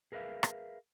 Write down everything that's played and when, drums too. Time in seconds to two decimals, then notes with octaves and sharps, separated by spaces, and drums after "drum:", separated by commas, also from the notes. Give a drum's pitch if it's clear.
0.12 G#4 A#4 B4 E5 F5
0.43 drum: rim click